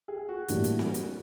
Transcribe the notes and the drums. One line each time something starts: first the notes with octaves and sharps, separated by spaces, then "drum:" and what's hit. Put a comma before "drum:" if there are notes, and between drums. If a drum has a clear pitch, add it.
G#4
F#4
A2 E3 G3 A#3 D4, drum: hi-hat
drum: hi-hat
drum: snare C4
drum: hi-hat